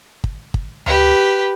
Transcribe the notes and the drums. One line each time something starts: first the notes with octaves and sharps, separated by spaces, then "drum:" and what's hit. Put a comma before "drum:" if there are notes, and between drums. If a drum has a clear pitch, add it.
drum: kick
drum: kick
G4 B4, drum: tom D2